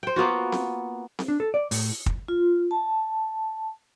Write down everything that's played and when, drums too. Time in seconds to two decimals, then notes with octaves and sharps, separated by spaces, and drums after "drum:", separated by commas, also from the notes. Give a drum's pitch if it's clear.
0.03 C5 G5
0.16 A#3 B3 F4 F#4
0.52 drum: snare C4
1.19 drum: snare C4
1.28 D4
1.40 A4
1.54 D5
1.71 A2, drum: open hi-hat
2.06 drum: kick
2.28 F4
2.71 A5